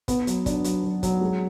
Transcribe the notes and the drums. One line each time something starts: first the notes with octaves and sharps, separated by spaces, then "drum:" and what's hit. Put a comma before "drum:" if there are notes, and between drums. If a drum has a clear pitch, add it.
B3, drum: kick, hi-hat
F#3, drum: hi-hat
D4, drum: kick, hi-hat
F#3, drum: hi-hat
F#3
F#3, drum: kick, hi-hat
G#3